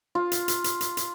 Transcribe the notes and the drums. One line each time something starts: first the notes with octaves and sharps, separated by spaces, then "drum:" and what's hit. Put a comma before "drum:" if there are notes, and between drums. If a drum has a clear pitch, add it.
F4
drum: hi-hat
drum: hi-hat
drum: hi-hat
drum: hi-hat
drum: hi-hat